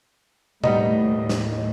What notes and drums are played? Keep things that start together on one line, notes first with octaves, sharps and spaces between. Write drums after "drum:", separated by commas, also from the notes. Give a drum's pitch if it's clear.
D#2 A2 G3 B3 D#4 D#5, drum: tom B2
drum: snare